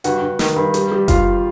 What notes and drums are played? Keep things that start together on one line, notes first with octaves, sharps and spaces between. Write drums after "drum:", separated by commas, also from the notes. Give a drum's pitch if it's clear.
G2 F#4 F#5, drum: hi-hat
G2
D#3, drum: snare
G2
G3, drum: hi-hat
G3
G3 F4 F5, drum: kick F#1, hi-hat